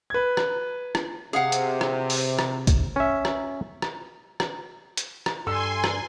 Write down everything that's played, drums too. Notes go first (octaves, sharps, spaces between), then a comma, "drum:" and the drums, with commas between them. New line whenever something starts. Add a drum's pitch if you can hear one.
B4 G#6
drum: rim click
drum: rim click
C3 G#4 F5 F#5
drum: hi-hat
drum: rim click
drum: open hi-hat
drum: rim click
drum: kick, hi-hat
C#4 E5
drum: rim click
drum: rim click
drum: rim click
drum: hi-hat
drum: rim click
G2 A4 G#5 C6 E6
drum: rim click